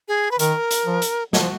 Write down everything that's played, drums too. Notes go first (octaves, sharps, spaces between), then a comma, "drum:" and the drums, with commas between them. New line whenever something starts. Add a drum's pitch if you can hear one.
G#4
B4
D#3 A#4, drum: hi-hat
drum: hi-hat
F3
drum: hi-hat
F#3 F#4, drum: snare
F3